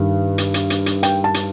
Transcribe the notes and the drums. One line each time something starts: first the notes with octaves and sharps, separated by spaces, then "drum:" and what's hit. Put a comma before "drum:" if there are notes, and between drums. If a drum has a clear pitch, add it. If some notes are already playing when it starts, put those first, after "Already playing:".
Already playing: G2 D#3 G3
drum: hi-hat
drum: hi-hat
drum: hi-hat
drum: hi-hat
G5, drum: hi-hat
A5
drum: hi-hat